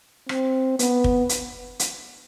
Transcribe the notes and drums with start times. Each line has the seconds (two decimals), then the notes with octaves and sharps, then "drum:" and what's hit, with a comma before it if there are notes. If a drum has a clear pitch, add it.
0.29 C4, drum: rim click
0.79 B3, drum: hi-hat
1.04 drum: kick
1.29 drum: hi-hat
1.79 drum: hi-hat